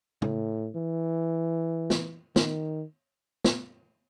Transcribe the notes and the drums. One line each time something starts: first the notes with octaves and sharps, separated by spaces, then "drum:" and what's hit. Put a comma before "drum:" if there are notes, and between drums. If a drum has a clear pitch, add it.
A2, drum: tom
E3
drum: snare
D#3, drum: snare
drum: snare